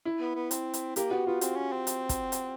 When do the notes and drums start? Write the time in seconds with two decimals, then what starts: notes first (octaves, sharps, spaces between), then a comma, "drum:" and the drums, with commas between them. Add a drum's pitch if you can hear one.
0.05 E4
0.21 B3
0.35 B3
0.51 C4, drum: hi-hat
0.74 drum: hi-hat
0.96 A#3 G4, drum: hi-hat
1.11 B3 F#4
1.26 B3 F4
1.41 C4, drum: hi-hat
1.56 C#4
1.72 C4
1.87 drum: hi-hat
2.09 drum: kick, hi-hat
2.32 drum: hi-hat